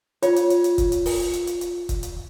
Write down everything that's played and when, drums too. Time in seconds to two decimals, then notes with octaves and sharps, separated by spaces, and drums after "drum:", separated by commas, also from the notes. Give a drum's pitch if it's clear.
0.22 F4 C#5, drum: hi-hat
0.36 drum: hi-hat
0.50 drum: hi-hat
0.64 drum: hi-hat
0.78 drum: kick, hi-hat
0.92 drum: hi-hat
1.06 drum: open hi-hat
1.33 drum: hi-hat
1.47 drum: hi-hat
1.61 drum: hi-hat
1.89 drum: kick, hi-hat
2.03 drum: hi-hat